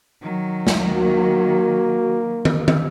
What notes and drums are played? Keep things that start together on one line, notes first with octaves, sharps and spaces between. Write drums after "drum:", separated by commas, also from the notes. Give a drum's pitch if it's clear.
D#3 F#3
drum: snare
A#3 F#4
drum: tom
drum: tom